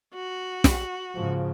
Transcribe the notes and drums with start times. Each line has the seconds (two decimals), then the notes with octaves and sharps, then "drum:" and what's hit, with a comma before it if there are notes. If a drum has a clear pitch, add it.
0.14 F#4
0.64 drum: snare
1.15 G#2 C#3 F3